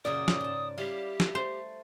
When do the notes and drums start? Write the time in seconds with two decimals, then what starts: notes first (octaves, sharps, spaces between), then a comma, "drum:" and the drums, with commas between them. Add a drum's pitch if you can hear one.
0.05 F#2 A#2 C#3 D5 D#6
0.28 drum: snare
0.41 G#2 A5
0.78 G3 E4 G4 F5
1.20 drum: snare
1.35 A3 C5